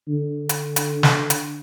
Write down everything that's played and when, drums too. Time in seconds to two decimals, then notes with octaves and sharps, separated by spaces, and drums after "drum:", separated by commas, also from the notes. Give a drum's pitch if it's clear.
0.08 D3
0.49 drum: hi-hat
0.76 drum: hi-hat
1.03 drum: snare
1.30 drum: hi-hat